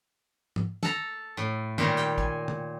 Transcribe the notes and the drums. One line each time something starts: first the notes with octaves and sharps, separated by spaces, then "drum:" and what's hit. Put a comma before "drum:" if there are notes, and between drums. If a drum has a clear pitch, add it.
drum: tom G#2
A4 A#5, drum: snare
A2
A#2 D#3 G3 A#4 C#5, drum: tom
G5, drum: clap
G#5, drum: kick
drum: tom C3